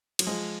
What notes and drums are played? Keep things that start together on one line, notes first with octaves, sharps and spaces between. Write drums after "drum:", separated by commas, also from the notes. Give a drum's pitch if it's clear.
F#3, drum: cymbal
F3 G#3